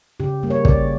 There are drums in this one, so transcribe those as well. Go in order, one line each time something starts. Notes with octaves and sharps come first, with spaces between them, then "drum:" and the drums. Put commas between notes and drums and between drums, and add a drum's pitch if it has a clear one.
C#3 G4
G3 A#3
C#5
C#3 D5, drum: kick